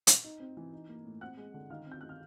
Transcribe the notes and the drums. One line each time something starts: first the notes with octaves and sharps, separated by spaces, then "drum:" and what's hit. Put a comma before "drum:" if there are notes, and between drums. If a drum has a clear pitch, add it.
drum: hi-hat
D#4
C4
E3
D#4
A#3
A2
C4 F#5 F#6
G#3
D3
D#3 F5 F6
C4
G6
D#3 F#6
F6